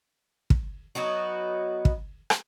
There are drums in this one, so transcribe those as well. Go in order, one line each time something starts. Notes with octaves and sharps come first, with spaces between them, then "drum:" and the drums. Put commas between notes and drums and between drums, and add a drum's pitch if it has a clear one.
drum: kick
F#3 B3 D#4 F#4
drum: kick
drum: rim click